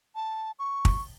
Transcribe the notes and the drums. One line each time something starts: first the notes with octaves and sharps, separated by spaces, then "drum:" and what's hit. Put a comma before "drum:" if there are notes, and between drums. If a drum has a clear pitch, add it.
A5
C#6
drum: kick